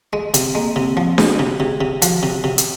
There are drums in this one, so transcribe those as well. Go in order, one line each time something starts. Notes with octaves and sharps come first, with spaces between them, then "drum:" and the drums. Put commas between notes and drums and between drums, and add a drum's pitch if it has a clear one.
G#3
C3 C4, drum: hi-hat
G#3 A#3
C3 C4
F3 C4
G#3 F#4, drum: snare D4
C3
C3 G#4
C3
F3 F#4, drum: hi-hat
C3
C3
drum: hi-hat